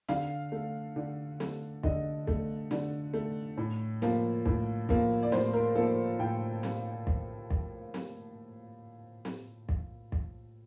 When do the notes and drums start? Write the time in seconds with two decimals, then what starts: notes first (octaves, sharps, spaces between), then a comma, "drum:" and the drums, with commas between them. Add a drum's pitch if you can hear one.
0.09 D3 F5, drum: snare
0.52 A3
0.96 D3
1.40 A3, drum: snare
1.83 D3 D#5, drum: kick
2.27 A3, drum: kick
2.71 D3, drum: snare
3.14 A3
3.57 A2
4.02 F3 A#3, drum: snare
4.45 A2, drum: kick
4.89 F3 A#3, drum: kick
5.23 D5
5.32 A2 C5, drum: snare
5.54 A#4
5.75 F3 A#3 A4
6.19 A2 G5
6.63 drum: snare
7.07 drum: kick
7.50 drum: kick
7.94 drum: snare
9.25 drum: snare
9.69 drum: kick
10.12 drum: kick